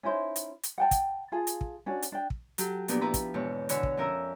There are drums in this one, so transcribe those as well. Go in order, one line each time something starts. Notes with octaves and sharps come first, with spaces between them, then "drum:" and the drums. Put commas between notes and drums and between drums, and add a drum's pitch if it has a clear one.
C#4 D#4 E4 C5
drum: hi-hat
drum: hi-hat
F#5 G5 A5
drum: kick, hi-hat
F4 G#4 A5
drum: hi-hat
drum: kick
C#4 D4 F#4
drum: hi-hat
D4 G5
drum: kick
F#3 G4 A4, drum: hi-hat
A#2 F3 B3 D4 G4 A#4, drum: hi-hat
F3 E4 B4 A#5 B5
drum: kick, hi-hat
E2 G#2 B2 C#5
D3 F#4 C#5 G#5 B5 E6, drum: hi-hat
drum: kick
F2 C#4 A#4 E5 A#5 E6